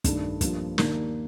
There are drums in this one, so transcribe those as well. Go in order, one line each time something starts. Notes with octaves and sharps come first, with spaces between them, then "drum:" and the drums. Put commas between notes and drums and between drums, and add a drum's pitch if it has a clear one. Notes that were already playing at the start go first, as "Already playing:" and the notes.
G2 D#3 A3 D4, drum: kick, hi-hat
G2 F3 A#3, drum: kick, hi-hat
D#2 D#3 A#3 D4, drum: snare